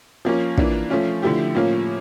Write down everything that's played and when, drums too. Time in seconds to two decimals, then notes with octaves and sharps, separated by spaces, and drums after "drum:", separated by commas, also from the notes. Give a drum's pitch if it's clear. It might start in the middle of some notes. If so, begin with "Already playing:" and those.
0.25 F3 A#3 C#4 F4
0.58 E3 A#3 D4 F4, drum: kick
0.90 F3 A3 C#4 F4
1.22 D3 F3 A3 E4 G4
1.55 A2 F3 A#3 C#4 F4